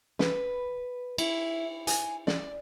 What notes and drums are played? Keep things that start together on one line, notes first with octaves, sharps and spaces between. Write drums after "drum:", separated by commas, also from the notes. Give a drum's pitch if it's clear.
B4, drum: snare
E4, drum: cymbal
G#5, drum: hi-hat
D5, drum: snare